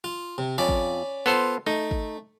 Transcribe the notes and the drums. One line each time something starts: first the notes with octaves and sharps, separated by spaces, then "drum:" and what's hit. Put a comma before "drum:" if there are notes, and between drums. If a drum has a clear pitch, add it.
F4
C3
F2 C#4 D5 B5
drum: kick
B3 F4 A4 C5 C6
A3 D#4
drum: kick